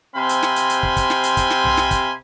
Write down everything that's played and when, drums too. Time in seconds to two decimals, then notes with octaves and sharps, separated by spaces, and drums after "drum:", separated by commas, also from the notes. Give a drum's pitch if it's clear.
0.16 C3 C4 F5 G#5 B5 C6
0.29 drum: hi-hat
0.43 drum: snare
0.56 drum: hi-hat
0.70 drum: hi-hat
0.83 drum: kick
0.97 drum: kick, hi-hat
1.10 drum: snare
1.23 drum: hi-hat
1.37 drum: kick, hi-hat
1.50 drum: snare
1.64 drum: tom B1
1.77 drum: snare
1.91 drum: kick, hi-hat